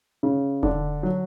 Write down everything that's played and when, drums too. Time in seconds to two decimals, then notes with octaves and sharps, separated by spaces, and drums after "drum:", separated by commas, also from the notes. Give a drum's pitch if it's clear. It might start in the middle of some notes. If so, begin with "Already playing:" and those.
0.23 C#3
0.63 D3, drum: kick E1
1.03 F#3